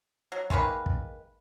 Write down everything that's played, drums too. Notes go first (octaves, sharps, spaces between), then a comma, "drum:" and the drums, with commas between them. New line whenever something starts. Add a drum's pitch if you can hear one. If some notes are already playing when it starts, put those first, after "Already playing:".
F#3
D#3 G#3 A#3 B4, drum: kick
drum: kick